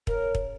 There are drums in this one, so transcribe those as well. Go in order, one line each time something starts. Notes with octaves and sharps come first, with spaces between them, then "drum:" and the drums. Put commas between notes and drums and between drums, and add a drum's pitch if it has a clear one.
C#3 A#4, drum: kick
drum: kick